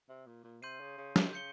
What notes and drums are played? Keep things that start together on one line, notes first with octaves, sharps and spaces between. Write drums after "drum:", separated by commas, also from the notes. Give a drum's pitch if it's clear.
C3
A#2
A#2
C3 C6 G6 C7 D#7
C#3
C#3
D#3, drum: snare
C#3 G6 C#7 G7